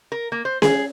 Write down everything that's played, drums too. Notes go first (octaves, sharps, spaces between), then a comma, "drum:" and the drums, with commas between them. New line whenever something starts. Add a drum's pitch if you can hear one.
A#4
A#3
C5
G#4, drum: snare C#4